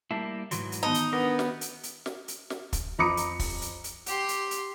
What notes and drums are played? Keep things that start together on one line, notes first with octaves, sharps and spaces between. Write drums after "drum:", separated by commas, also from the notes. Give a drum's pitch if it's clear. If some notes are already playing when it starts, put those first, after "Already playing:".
G3 A3 A#3 E4
G#2 E3 F#3 C6, drum: hi-hat
drum: hi-hat
D#3 B3 D#4 A5
drum: hi-hat
B3 D4 A#4
drum: snare
drum: hi-hat
drum: hi-hat
drum: snare
drum: hi-hat
drum: snare
drum: kick, hi-hat
F2 A#5 B5 D6 D#6 C#7
drum: hi-hat
drum: kick, open hi-hat
drum: hi-hat
drum: hi-hat
G4 C6, drum: hi-hat
drum: hi-hat
drum: hi-hat